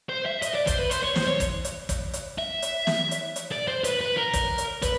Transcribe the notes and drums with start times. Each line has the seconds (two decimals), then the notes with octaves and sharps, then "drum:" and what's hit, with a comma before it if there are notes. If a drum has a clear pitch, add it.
0.10 C5
0.26 E5
0.42 D#5, drum: hi-hat
0.55 D5
0.67 C5, drum: kick, hi-hat
0.79 B4
0.91 C5, drum: hi-hat
1.04 C#5
1.16 C5, drum: snare
1.28 C#5
1.40 drum: kick, hi-hat
1.65 drum: hi-hat
1.89 drum: kick, hi-hat
2.13 drum: hi-hat
2.39 E5
2.62 drum: hi-hat
2.87 drum: snare
3.11 drum: hi-hat
3.36 drum: hi-hat
3.52 D5
3.68 C5
3.84 B4, drum: hi-hat
4.01 B4
4.17 A#4
4.34 drum: kick, hi-hat
4.58 drum: hi-hat
4.82 B4, drum: kick, hi-hat